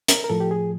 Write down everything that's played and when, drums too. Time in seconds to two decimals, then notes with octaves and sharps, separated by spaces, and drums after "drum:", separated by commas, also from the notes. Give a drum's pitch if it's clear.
0.08 A#4, drum: hi-hat
0.24 A#4
0.29 A2 F3 A4
0.40 G4
0.51 G#4